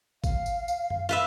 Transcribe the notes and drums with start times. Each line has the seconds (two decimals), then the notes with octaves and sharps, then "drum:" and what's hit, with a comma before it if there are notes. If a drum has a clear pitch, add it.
0.24 F5, drum: kick G#1, tambourine
0.46 drum: tambourine
0.68 drum: tambourine
0.90 drum: tom F#2
1.09 F4 B4 E5